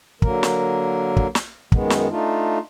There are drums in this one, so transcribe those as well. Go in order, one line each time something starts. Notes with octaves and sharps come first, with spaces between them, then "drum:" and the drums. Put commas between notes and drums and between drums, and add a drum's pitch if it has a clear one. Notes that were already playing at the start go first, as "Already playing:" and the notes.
D3 F#3 A#3 A#4, drum: kick
drum: snare
drum: kick
drum: snare
F#2 D#3 G#3 B3, drum: kick
drum: snare
A3 D4 D#4 F4